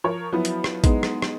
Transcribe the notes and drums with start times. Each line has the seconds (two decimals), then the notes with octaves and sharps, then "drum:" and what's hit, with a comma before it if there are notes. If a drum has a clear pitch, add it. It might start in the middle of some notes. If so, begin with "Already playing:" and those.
0.04 F3 A#4 C#5
0.33 F3 F#3 B3 E4
0.45 drum: hi-hat
0.64 drum: rim click
0.84 G#3 B3 D#4, drum: kick A1, hi-hat
1.03 drum: rim click
1.22 drum: rim click